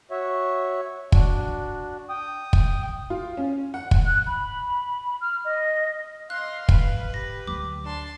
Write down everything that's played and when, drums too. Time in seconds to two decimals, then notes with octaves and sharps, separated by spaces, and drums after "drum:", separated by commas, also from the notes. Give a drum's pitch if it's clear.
0.11 F#4 C#5 E5
1.12 D4 F#4, drum: kick
2.09 G5 D#6
2.53 drum: kick
3.10 F4
3.37 C#4
3.74 F#5
3.91 drum: kick
4.06 F#6
4.27 B5
5.21 F6
5.45 D#5
6.30 D#5 F5 C6 F#6
6.69 G#1 B4, drum: kick
7.14 G4 A#6
7.47 D2 F#3 D6
7.85 D4 A5 C6